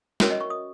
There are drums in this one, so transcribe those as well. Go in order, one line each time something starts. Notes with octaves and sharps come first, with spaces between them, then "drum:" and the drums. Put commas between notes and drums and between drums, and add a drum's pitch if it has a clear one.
C#4 F#4 A#4 C#5 E5, drum: snare
D#5
C#6
D#6